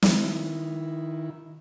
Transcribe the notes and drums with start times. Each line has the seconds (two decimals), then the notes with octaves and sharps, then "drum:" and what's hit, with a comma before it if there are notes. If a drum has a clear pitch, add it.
0.02 D#3 E4, drum: snare